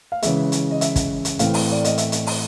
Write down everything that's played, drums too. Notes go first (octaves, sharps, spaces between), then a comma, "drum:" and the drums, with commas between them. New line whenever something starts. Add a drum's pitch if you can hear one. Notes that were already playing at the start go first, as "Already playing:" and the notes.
F5
C#3 E3 G#3 E5, drum: hi-hat
drum: hi-hat
D#5
E5, drum: hi-hat
drum: kick, hi-hat
drum: hi-hat
A2 E3 A3 C4 F5, drum: hi-hat
drum: open hi-hat
D5
D#5, drum: hi-hat
E5, drum: hi-hat
drum: hi-hat
drum: open hi-hat